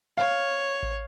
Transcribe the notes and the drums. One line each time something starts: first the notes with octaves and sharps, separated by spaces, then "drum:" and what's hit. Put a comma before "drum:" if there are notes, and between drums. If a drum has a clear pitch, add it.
C#5 F5
drum: kick A1